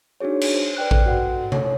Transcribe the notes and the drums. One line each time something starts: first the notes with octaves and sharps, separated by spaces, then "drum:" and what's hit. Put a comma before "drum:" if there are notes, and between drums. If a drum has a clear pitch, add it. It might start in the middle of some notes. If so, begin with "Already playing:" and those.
D4 D#4 F#4 G#4 C#5
drum: cymbal
C5
B4 D5 G5 F#6
A4, drum: kick A1
F#4 F#5
A4 C#5, drum: tom C3